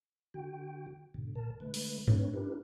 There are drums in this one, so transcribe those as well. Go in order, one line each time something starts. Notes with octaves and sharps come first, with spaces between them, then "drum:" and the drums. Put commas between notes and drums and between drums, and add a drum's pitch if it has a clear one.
D3 F#4 G5
G#2 B2 D3
A#2 A#4 A5
D3 G#3 A3 B4
drum: open hi-hat
A3 C4 D4 B4 C#5, drum: tom G2
C#4 D4 E4 G4 A#4 B4